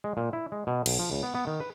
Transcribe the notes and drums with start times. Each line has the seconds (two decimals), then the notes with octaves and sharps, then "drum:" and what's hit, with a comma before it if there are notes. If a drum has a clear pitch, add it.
0.04 G#3
0.17 A#2
0.33 E4
0.52 G#3
0.67 B2
0.86 B1, drum: cymbal
0.99 F3
1.11 C#2
1.23 B3
1.35 B3
1.47 D#3
1.60 B4